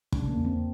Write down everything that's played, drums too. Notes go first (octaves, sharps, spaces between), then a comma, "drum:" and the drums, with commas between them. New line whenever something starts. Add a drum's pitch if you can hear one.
C#3 D4, drum: kick
A#3
E2
C4